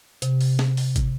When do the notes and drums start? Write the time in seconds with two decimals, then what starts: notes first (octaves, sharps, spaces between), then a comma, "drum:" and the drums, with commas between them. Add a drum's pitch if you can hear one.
0.22 C3, drum: hi-hat
0.41 drum: open hi-hat
0.59 drum: snare
0.77 drum: open hi-hat
0.96 drum: kick, hi-hat